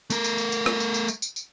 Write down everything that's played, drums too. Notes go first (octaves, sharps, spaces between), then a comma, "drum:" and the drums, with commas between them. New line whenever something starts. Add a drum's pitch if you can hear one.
A3 A#4, drum: tambourine
drum: tambourine
drum: tambourine
drum: tambourine
drum: rim click
drum: tambourine
drum: tambourine
drum: tambourine
drum: tambourine
drum: tambourine